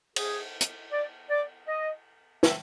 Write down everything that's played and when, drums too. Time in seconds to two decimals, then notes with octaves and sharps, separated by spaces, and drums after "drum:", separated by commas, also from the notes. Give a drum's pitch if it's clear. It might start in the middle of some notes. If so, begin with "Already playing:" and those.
0.16 G#4, drum: cymbal
0.61 drum: hi-hat
0.91 D5
1.30 D5
1.67 D#5
2.43 E5, drum: snare